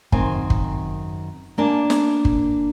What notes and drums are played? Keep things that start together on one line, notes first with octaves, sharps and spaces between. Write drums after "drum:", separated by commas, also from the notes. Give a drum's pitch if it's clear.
F#2 D#3 C4 C5 G#5, drum: kick G1
drum: kick G1
A#3 D4 G#5 A5
drum: snare
drum: kick G1